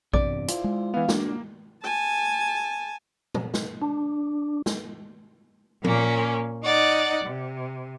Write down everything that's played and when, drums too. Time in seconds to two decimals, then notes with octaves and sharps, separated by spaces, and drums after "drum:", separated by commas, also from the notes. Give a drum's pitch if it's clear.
0.13 E2 G2 C3 D5, drum: kick A#1
0.48 E4 F4 C5, drum: hi-hat
0.64 G#3
0.94 E3 B3 F5
1.09 A#3 D4 F#4, drum: snare
1.84 G#5 A5
3.34 drum: tom A#2
3.54 drum: snare
3.82 D4
4.66 drum: snare
5.84 A#2 A#3 C#4, drum: tom F3
6.64 D#4 D5 F#5
7.25 C3